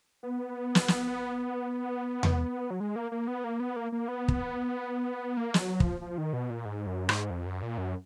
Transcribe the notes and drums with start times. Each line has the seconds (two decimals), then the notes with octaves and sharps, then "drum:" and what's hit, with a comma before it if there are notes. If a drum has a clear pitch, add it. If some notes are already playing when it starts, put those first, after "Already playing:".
0.23 B3
0.75 drum: snare
0.88 drum: snare
2.23 drum: tom E2
2.71 F#3
2.80 G#3
2.96 A#3
3.12 A#3
3.28 B3
3.44 A#3
3.60 B3
3.76 A#3
3.92 A#3
4.08 B3
4.28 drum: kick
5.37 A#3
5.54 G#3, drum: snare
5.58 F#3
5.80 F3, drum: kick
6.01 F3
6.18 D#3
6.33 B2
6.50 A#2
6.65 G#2
6.87 F#2
7.09 G#2, drum: rim click
7.30 F2
7.46 F#2
7.63 A#2
7.78 F#2